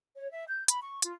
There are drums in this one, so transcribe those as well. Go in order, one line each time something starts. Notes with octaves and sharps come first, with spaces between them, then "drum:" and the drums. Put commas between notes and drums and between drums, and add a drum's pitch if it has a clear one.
C#5
E5
G6
B5, drum: hi-hat
C#6
F4, drum: hi-hat